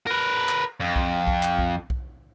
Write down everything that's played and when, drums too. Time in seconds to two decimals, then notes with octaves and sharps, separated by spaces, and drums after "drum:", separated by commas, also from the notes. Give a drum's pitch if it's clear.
0.07 A#4 B4
0.49 drum: clap
0.80 F2
0.96 drum: kick B1
1.27 drum: kick B1
1.43 drum: clap
1.59 drum: kick B1
1.90 drum: kick B1